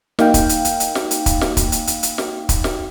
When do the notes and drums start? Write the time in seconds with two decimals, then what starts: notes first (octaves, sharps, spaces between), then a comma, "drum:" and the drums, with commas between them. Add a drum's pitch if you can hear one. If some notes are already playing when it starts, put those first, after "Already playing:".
0.19 A#3 D#4 F5 G5, drum: snare
0.34 drum: kick, hi-hat
0.49 drum: hi-hat
0.65 drum: hi-hat
0.80 drum: hi-hat
0.95 drum: snare
1.11 drum: hi-hat
1.26 drum: kick, hi-hat
1.41 drum: snare
1.57 drum: kick, hi-hat
1.72 drum: hi-hat
1.87 drum: hi-hat
2.03 drum: hi-hat
2.18 drum: snare
2.49 drum: kick, hi-hat
2.64 drum: snare